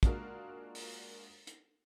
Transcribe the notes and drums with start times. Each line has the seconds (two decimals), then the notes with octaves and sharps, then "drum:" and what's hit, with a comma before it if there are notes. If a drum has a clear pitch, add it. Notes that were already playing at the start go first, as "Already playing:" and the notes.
0.03 G#3 A#3 D4 F4 F#4 A#4, drum: kick, hi-hat
0.75 drum: open hi-hat
1.47 drum: hi-hat